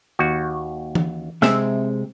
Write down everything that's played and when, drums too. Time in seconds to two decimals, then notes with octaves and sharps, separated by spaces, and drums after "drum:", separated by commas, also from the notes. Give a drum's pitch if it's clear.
0.19 D#2 F#4
0.95 drum: tom E3
1.42 C3 G#3 C4 E5, drum: snare